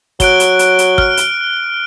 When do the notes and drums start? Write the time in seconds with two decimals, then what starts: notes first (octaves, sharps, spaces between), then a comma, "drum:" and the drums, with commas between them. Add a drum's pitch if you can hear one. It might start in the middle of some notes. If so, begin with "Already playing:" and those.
0.20 F#3 F#6 D7 G7, drum: kick, hi-hat
0.40 drum: hi-hat
0.59 drum: hi-hat
0.79 drum: hi-hat
0.98 F6, drum: kick
1.17 drum: hi-hat